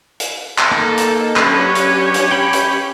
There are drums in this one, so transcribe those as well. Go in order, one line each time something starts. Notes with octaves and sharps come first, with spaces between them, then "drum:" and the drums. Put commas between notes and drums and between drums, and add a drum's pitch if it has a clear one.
drum: hi-hat
drum: clap
A#3 D#4 A4
drum: hi-hat
F#3 C#4 D4 G4 B4 C#5, drum: clap
drum: hi-hat
drum: hi-hat
G5 B5
drum: hi-hat